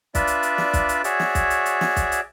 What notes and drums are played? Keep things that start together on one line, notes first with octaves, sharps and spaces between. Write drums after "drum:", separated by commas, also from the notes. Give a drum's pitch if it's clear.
D4 F4 B4 D5 E5, drum: kick, hi-hat
drum: hi-hat
drum: hi-hat
drum: snare
drum: kick, hi-hat
drum: hi-hat
F#4 G#4 C#5 D5 E5, drum: hi-hat
drum: snare
drum: kick, hi-hat
drum: hi-hat
drum: hi-hat
drum: snare
drum: kick, hi-hat
drum: hi-hat